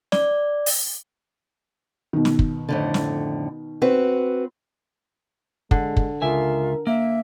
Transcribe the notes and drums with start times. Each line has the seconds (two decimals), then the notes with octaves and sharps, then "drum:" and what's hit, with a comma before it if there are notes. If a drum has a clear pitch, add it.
0.12 D5, drum: snare
0.66 drum: open hi-hat
2.13 B2 D#3
2.25 drum: snare
2.39 drum: kick
2.69 F2 A2 D3
2.94 drum: snare
3.82 C4 F#4 B4
5.71 D3 G#3, drum: kick
5.97 drum: kick
6.22 C#2 F4 A#4 E5 G#5
6.87 A#3 E5